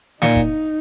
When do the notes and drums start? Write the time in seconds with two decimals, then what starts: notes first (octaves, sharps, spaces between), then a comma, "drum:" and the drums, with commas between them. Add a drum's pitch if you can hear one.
0.22 A#2 D#4, drum: snare
0.36 drum: kick